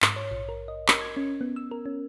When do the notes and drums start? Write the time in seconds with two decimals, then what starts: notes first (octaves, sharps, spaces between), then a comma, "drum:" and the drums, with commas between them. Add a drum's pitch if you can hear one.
0.02 G#2, drum: clap
0.16 C#5
0.31 A#1
0.49 A#4
0.68 D#5
0.88 A#4, drum: clap
1.01 G#6
1.17 C#4
1.41 B3
1.56 E6
1.71 A#4
1.86 C#4